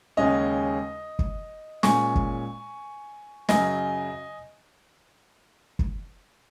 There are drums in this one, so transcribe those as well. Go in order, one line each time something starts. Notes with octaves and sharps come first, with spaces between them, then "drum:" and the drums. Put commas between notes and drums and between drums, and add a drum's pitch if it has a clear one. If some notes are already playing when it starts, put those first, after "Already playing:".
D#2 C#3 G#3 C#4 D#5
drum: kick
A#2 G#3 C#4 G#5 C#6, drum: snare
drum: kick
F#2 C#3 F#3 D#5 G#5, drum: snare
drum: kick